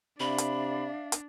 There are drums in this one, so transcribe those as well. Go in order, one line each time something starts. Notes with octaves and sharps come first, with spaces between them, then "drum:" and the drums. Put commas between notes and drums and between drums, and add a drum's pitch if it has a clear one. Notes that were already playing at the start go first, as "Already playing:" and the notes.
C3 D4 D5 E5 F5 B5
drum: hi-hat
drum: hi-hat